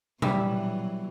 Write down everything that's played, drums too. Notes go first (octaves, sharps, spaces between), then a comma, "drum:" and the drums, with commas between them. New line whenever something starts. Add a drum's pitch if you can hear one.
B2 E3 F#3 G3 E5, drum: tom A#2